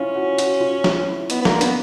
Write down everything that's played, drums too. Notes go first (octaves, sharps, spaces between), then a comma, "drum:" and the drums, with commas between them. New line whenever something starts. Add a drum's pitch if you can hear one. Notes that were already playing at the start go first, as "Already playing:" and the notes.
Already playing: C#4 E4 F4
F#4
F#4, drum: hi-hat
F4
F4, drum: snare
E4
B3 D#4, drum: hi-hat
B3
A#3 D4, drum: snare
B3 C#4, drum: hi-hat